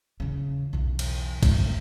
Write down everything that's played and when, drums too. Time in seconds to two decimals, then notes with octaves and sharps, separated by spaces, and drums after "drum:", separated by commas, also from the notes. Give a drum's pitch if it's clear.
0.20 E2 C#3
0.73 B1 E2
0.99 drum: cymbal
1.43 G2 A3, drum: kick, cymbal